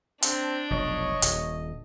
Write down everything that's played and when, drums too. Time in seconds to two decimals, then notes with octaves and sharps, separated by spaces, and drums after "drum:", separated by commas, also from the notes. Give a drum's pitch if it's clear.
0.22 C4 D4, drum: hi-hat
0.70 F1 B1 C#5 D#5
1.22 D#1, drum: hi-hat